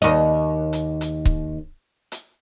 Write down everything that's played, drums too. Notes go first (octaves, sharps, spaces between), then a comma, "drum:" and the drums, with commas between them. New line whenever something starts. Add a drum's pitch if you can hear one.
D#2 D#5
drum: hi-hat
drum: hi-hat
drum: kick C#1
drum: hi-hat